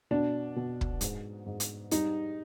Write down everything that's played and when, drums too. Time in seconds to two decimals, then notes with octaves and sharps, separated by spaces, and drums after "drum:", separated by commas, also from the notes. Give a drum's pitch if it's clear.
0.11 B2 D4
0.56 B2
0.81 drum: kick
1.01 G#2, drum: hi-hat
1.46 G#2
1.60 drum: hi-hat
1.91 G3 D#4, drum: hi-hat